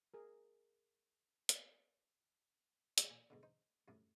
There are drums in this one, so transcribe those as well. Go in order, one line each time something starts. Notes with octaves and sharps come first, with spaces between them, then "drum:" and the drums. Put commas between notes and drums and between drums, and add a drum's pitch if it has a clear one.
G#4 A#4
drum: hi-hat
C3 G#3 F#4, drum: hi-hat
A#2 G#5
G#2 B2 D3
D#4 C5
F#2 A2 C3